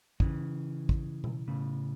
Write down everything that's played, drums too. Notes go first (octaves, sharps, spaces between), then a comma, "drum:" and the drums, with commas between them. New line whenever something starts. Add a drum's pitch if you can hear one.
C#3 E3, drum: kick
drum: kick
drum: tom B2
A2 C#3